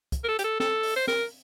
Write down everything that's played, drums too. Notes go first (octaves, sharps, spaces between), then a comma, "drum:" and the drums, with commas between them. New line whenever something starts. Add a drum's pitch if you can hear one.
drum: kick, hi-hat
A#4
A4
G4, drum: hi-hat
A4
A4, drum: snare
drum: open hi-hat
C5
A#4, drum: snare